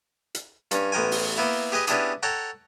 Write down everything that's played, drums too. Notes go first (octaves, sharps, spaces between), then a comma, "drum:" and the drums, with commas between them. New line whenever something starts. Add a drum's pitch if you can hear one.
drum: hi-hat
G2 C#4, drum: hi-hat
A1 B3 A#4 G5 G#5
drum: open hi-hat
A#3 B3 E4
G4 G#4 B4 D#5
B3 C#4 D4 E4 G4 G#4, drum: hi-hat
A4 C#5 F#5 G5 A#5